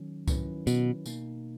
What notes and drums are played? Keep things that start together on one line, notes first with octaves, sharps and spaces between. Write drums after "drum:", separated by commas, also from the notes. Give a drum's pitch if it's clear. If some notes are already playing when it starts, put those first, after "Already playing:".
Already playing: D#3 F#3 C#4
D#3 F#3 C#4 E4 B4, drum: kick C2, tambourine
B2, drum: tambourine
B2 A#3 D#4, drum: tambourine